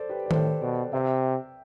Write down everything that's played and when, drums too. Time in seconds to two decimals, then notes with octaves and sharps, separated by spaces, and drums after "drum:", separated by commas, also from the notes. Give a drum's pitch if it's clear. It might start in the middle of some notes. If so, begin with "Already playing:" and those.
Already playing: A4 C5 D5
0.09 G4 B4
0.26 D5
0.31 A2 A4 C5, drum: tom D#3
0.61 B2 B4 D5
0.93 C3 E5 G5